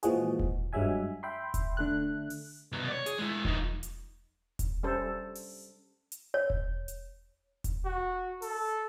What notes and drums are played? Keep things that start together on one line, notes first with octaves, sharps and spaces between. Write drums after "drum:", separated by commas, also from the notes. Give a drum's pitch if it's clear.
A#2 E3 F3 G#3 F#4 G#4, drum: hi-hat
drum: kick E1
G2 F#3 G#3 E5 G#5
E5 G5 B5 C6
drum: kick E1, hi-hat
D3 A3 F#6
drum: open hi-hat
C2 B2
C#5 D5
G#4, drum: hi-hat
G#3 E4
F3 D#4, drum: kick E1
drum: hi-hat
drum: kick E1, hi-hat
G3 C#4 A4 C5
drum: open hi-hat
drum: hi-hat
C#5
drum: kick E1
drum: hi-hat
drum: kick E1, hi-hat
F#4
A4, drum: open hi-hat